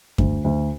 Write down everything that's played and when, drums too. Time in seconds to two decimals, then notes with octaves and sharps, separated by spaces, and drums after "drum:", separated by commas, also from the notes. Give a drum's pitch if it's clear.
0.18 D2, drum: kick F#2
0.44 D2